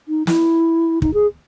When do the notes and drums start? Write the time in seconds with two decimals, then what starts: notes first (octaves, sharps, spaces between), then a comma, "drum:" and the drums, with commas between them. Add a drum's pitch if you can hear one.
0.08 D#4
0.27 E4, drum: snare
1.02 D#4, drum: kick
1.14 G#4